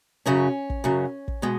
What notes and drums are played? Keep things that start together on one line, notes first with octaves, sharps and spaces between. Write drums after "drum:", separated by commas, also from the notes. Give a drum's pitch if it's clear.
F#2 C#3 F#3 C#4
drum: kick
F#2 C#3 F#3
drum: kick
B2 G#3 B3